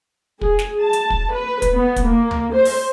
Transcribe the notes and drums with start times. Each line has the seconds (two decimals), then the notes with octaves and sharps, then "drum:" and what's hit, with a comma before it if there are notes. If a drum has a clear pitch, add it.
0.41 G#4, drum: kick
0.59 drum: snare
0.83 A5
0.93 drum: hi-hat
1.10 drum: kick
1.33 B4
1.62 drum: kick, hi-hat
1.74 B3
1.96 drum: kick, hi-hat
2.08 A#3
2.31 drum: tom D2
2.54 C5
2.65 drum: open hi-hat